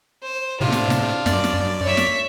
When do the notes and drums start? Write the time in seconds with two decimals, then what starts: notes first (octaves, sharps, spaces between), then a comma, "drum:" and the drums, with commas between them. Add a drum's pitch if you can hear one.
0.23 C5
0.61 A2 C3 D4 F4
0.72 drum: snare
0.90 drum: snare
1.26 F#2 D5, drum: snare
1.44 drum: snare
1.84 C#5 E5
1.97 drum: snare